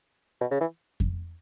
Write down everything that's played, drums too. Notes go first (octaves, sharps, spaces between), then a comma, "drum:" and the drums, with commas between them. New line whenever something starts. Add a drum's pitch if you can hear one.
B2
C#3
E3
drum: kick F2